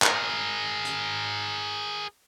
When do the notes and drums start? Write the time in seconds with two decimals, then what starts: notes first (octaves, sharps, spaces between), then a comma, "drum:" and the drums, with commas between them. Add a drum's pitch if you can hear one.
0.02 G#4 A#4, drum: clap
0.85 drum: hi-hat